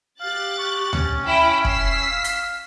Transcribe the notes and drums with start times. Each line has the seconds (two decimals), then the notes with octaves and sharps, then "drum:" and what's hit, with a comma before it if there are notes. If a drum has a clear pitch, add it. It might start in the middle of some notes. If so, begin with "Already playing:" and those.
0.20 G4 F5 F#6 A6
0.58 C#6
0.93 C#4, drum: tom D2
1.26 E4 G5
1.65 E6 B6 C7, drum: kick
2.10 F5
2.24 drum: hi-hat